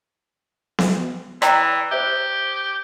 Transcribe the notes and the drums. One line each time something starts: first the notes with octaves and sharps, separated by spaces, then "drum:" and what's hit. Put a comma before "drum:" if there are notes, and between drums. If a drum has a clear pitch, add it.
drum: snare B3
E3 D5 G5 A#5, drum: rim click
G4 C5 E5